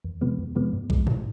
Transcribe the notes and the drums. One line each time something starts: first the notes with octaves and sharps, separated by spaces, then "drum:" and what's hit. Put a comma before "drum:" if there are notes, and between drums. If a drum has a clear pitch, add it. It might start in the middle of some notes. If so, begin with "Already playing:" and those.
E2
C3 F3 G#3 B3
E2
C3 F3 G#3 B3
G#2
F3 G#3, drum: kick A#1
G#2, drum: tom G#2